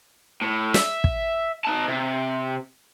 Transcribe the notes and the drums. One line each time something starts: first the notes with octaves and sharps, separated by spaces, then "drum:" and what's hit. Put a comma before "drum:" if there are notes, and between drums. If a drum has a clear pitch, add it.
A2
E5, drum: snare
drum: kick
D#4 A5
C3